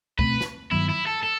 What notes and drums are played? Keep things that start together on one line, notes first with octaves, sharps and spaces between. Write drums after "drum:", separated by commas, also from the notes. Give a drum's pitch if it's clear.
B2 A3 C4 B4, drum: kick
drum: snare
G2 D#3 F#3 B3 E4
E4
A4
A4